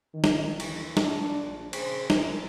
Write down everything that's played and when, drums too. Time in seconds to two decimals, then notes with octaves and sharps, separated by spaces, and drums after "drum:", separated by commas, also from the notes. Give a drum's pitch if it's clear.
0.14 D#3
0.24 drum: snare
0.60 D#2 D3 E3, drum: cymbal
0.97 D4, drum: snare
1.43 A#1
1.73 C#3 G#4 C5, drum: cymbal
2.10 A#4, drum: snare